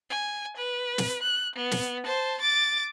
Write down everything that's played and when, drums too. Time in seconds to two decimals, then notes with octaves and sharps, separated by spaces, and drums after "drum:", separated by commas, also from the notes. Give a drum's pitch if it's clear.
0.10 G#5
0.57 B4
0.98 drum: snare
1.23 F#6
1.56 B3
1.71 drum: snare
2.04 C5 A5
2.41 D6 A6